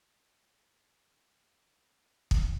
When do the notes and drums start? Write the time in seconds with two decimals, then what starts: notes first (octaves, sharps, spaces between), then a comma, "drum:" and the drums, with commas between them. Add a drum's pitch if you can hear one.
0.69 A1 D2 D3 D#5
2.31 drum: kick